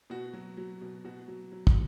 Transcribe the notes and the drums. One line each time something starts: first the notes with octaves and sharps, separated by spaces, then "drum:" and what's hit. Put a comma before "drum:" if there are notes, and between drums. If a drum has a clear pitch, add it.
B2 F#4
F#3
F#3
B2
B2 F#4
F#3
F#3
drum: kick